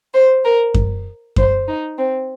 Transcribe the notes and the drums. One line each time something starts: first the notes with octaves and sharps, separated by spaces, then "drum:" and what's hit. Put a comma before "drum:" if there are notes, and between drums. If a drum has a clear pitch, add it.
C5
A#4
drum: kick F#2
C5, drum: kick F#2
D#4
C4